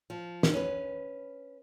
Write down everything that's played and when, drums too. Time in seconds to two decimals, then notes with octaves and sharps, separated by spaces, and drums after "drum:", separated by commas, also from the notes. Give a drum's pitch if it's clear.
0.10 F3
0.43 drum: snare
0.53 C#4 B4